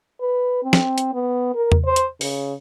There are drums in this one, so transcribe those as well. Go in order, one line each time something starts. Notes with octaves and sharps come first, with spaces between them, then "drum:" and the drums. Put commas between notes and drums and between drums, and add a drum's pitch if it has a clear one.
B4
C4
drum: snare
drum: hi-hat
B3
A#4
drum: tom E2
C5
drum: hi-hat
C#3, drum: open hi-hat